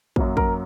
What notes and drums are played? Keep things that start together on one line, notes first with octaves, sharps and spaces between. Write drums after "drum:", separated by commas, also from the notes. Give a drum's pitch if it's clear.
F#2 F#3 A#3, drum: kick
A#4, drum: kick